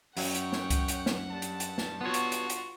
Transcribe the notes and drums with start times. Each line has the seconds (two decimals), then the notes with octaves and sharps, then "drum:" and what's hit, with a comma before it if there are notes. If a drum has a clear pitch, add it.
0.17 F#2 F#3 C#5 F#5 G5, drum: open hi-hat
0.35 drum: hi-hat
0.52 drum: snare
0.70 drum: kick C2, hi-hat
0.88 drum: hi-hat
1.06 drum: snare
1.31 G2 A5
1.42 drum: hi-hat
1.60 drum: hi-hat
1.78 drum: snare
2.01 B3 F4 F#4 C#5
2.14 drum: hi-hat
2.32 drum: hi-hat
2.50 drum: hi-hat